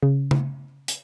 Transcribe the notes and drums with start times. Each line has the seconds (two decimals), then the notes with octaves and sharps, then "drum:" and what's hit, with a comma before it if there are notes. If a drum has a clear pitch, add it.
0.02 C#3
0.31 drum: tom C#3
0.88 drum: hi-hat